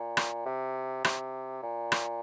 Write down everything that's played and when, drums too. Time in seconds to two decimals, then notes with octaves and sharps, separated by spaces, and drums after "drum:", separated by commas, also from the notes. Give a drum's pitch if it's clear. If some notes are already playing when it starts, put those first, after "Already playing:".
Already playing: A#2
0.17 drum: rim click
0.45 C3
1.04 C3, drum: rim click
1.62 A#2
1.92 drum: rim click